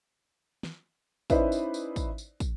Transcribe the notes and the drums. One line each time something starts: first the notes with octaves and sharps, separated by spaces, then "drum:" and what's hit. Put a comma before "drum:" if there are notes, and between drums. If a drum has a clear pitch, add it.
drum: snare
C#4 D#4 E4 B4 C5 D5, drum: kick, tambourine
drum: tambourine
drum: tambourine
drum: kick, tambourine
drum: tambourine
drum: kick, tambourine